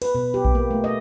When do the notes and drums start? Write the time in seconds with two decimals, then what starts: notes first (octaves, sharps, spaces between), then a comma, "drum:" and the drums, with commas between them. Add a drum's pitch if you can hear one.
0.02 B4, drum: cymbal
0.15 B2
0.34 G4
0.45 drum: kick A#1
0.55 A#3
0.71 A3
0.84 D#5